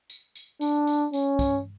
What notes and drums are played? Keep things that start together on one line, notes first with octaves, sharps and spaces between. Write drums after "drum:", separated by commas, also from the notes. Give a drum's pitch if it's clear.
drum: tambourine
drum: tambourine
D4, drum: tambourine
drum: tambourine
C#4, drum: tambourine
drum: kick, tambourine